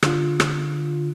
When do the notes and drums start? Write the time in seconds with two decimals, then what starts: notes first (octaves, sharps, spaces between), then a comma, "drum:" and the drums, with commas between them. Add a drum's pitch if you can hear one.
0.03 D3 F4, drum: rim click
0.40 drum: rim click